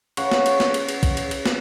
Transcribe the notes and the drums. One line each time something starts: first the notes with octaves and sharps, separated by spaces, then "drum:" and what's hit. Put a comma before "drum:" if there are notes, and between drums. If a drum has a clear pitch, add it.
C#3 C#5 F#5 C#6, drum: cymbal
drum: snare
drum: cymbal
drum: snare
drum: cymbal
drum: cymbal
drum: kick, cymbal
drum: cymbal
drum: cymbal
drum: snare